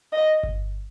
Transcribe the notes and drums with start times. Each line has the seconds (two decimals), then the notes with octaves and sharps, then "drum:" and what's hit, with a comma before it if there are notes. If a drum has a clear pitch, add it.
0.13 D#5
0.43 drum: kick G1